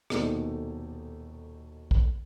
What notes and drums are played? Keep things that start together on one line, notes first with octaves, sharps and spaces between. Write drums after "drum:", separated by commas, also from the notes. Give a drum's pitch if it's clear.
D#1 B2 A3 A#3 D#4 D5, drum: rim click
drum: kick A#1